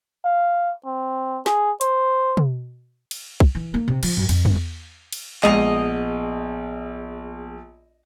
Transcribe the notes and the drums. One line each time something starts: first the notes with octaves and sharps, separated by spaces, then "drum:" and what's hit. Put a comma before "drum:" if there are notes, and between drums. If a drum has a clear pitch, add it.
F5
C4
G#4, drum: snare
C5, drum: hi-hat
drum: tom
drum: cymbal
drum: kick
E3
A#3
C3
F3, drum: cymbal
F#2
F2, drum: cymbal
G1, drum: tom
drum: cymbal
A#1 G#3 B3 G#4 D#5 C7 F7, drum: clap